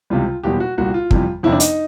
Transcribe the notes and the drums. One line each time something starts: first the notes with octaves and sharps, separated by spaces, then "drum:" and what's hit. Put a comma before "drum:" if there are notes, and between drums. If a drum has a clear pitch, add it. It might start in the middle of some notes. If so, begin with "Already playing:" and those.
C#2 C3 E3 G3 F4
F#1 E2 B2 G3 G4
F#4
C2 A#2 G3 F#4
F4
F2 C3 E3 G3, drum: kick
G1 F2 C3 E4
D4
D#4, drum: hi-hat